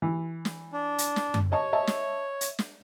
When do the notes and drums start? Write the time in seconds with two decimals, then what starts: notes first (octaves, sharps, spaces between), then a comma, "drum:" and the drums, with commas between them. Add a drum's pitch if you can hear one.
0.02 E3
0.45 drum: snare
0.73 D4
0.98 drum: hi-hat
1.16 drum: snare
1.34 drum: tom F#2
1.52 C#5 D#5 A5 C#6
1.73 D#5 E5 A5
1.87 drum: snare
2.41 drum: hi-hat
2.59 drum: snare